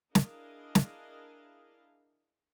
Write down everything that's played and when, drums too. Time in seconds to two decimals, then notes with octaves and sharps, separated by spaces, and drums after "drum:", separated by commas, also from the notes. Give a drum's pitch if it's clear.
0.15 D4 E4 G#4 A#4 D#5 F5, drum: snare
0.75 drum: snare